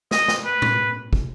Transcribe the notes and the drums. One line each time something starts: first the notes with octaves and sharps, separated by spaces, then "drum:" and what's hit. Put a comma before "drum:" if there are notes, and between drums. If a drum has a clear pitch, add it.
D#5, drum: snare
drum: snare
B4
drum: tom A2
drum: kick